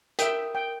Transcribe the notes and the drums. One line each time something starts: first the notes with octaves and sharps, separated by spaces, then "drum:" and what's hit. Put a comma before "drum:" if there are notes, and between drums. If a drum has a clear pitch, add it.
A#4 E5 G5, drum: hi-hat
G5